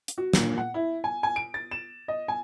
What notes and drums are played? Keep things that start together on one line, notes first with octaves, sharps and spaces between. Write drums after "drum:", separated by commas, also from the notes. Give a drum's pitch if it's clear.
drum: hi-hat
F#4
A#2, drum: snare
F#5
E4
G#5
G#5
D7
A6
E7
D#5
G#5